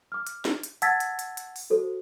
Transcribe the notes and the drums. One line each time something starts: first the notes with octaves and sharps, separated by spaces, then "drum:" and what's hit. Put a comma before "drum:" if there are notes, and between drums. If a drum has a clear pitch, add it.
D6 F6
drum: hi-hat
drum: snare
drum: hi-hat
F#5 A5 E6 G#6 A6 B6, drum: hi-hat
drum: hi-hat
drum: hi-hat
drum: hi-hat
drum: open hi-hat
F#4 A4 C5